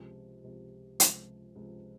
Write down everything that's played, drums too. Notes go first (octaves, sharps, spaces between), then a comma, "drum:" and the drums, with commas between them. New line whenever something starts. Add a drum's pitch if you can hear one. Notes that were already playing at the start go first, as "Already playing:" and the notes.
Already playing: C#2 C3 F3
C#2 C3 F3
C#2 C3 F3, drum: hi-hat
C#2 C3 F3